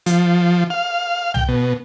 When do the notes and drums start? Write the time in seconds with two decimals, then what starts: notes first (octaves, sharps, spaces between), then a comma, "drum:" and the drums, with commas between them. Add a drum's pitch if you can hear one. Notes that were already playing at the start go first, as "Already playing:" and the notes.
0.06 F3, drum: hi-hat
0.70 F5
1.34 G5, drum: tom C2
1.48 B2